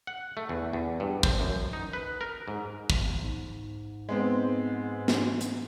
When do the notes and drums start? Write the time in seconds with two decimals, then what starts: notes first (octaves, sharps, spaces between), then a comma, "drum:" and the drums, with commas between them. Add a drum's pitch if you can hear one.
0.07 F#5
0.37 A3
0.49 E2
0.73 E2
1.00 G2
1.23 C5, drum: kick
1.40 F#2
1.73 D#4
1.93 B4
2.21 A#4
2.48 G#2
2.90 drum: kick
3.16 G#2
4.09 G#3 B3 C4
5.08 drum: snare
5.41 drum: hi-hat